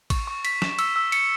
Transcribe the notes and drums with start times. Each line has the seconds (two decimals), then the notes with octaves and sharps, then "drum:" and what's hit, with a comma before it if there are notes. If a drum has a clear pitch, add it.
0.10 C#6, drum: kick A1, cymbal
0.27 C#6
0.45 B6, drum: cymbal
0.62 E7, drum: snare
0.79 E6, drum: cymbal
0.96 E6
1.12 C#7, drum: cymbal